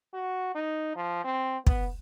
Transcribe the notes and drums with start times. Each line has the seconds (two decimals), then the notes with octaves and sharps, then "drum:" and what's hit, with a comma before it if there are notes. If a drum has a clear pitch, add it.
0.14 F#4
0.55 D#4
0.96 F3
1.24 C4
1.67 B3, drum: kick